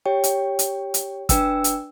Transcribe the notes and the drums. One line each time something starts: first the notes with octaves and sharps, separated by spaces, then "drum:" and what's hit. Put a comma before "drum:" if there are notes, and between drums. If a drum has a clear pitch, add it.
G4 C#5 G5
drum: hi-hat
drum: hi-hat
drum: hi-hat
D4 B4 G5 E6, drum: kick, hi-hat
drum: hi-hat